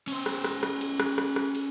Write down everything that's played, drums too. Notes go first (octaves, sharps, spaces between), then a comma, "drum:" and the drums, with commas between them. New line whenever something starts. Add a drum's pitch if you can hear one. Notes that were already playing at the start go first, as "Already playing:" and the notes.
C#4 C5, drum: cymbal
drum: rim click
drum: rim click
drum: rim click
drum: cymbal
drum: rim click
drum: rim click
drum: rim click
drum: cymbal